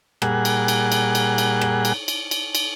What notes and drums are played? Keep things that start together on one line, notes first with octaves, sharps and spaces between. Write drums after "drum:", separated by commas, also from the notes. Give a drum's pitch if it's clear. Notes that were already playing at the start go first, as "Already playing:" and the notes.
A#2 G3 G#4 F#5, drum: rim click
drum: cymbal
drum: cymbal
drum: cymbal
drum: cymbal
drum: cymbal
drum: rim click
drum: cymbal
drum: cymbal
drum: cymbal
drum: cymbal